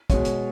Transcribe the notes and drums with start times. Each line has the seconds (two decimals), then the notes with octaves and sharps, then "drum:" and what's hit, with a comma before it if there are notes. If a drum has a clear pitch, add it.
0.10 B2 G#3 C#5, drum: kick, hi-hat
0.25 drum: hi-hat